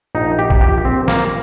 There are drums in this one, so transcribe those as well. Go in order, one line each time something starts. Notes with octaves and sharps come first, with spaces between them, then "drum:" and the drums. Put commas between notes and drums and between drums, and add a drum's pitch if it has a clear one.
A#1 D#4
G4
A#2, drum: kick A1
G4
A#1 C4
A#3, drum: snare